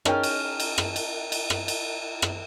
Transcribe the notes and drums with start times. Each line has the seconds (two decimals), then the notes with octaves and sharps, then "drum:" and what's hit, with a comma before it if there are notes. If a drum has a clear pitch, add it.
0.05 C#4 D#4 G#4 A#4 G5 A5 F6, drum: rim click
0.23 drum: cymbal
0.60 drum: cymbal
0.78 drum: rim click
0.96 drum: cymbal
1.32 drum: cymbal
1.50 drum: rim click
1.68 drum: cymbal
2.22 drum: rim click